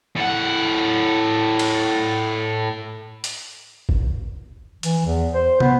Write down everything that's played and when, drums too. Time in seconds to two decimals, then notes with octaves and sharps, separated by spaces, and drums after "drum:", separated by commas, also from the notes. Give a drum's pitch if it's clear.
0.16 A2 F#5
1.59 drum: cymbal
3.24 drum: hi-hat
3.89 drum: kick
4.83 E3, drum: hi-hat
5.05 E2
5.34 C5
5.60 B3, drum: tom